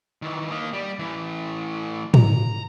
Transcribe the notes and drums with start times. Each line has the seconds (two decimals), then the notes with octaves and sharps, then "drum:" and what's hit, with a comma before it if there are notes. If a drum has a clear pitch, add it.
0.22 D#3 E3
0.51 A#3 D#5
0.73 G3
0.99 A2 E3
2.14 A#5, drum: tom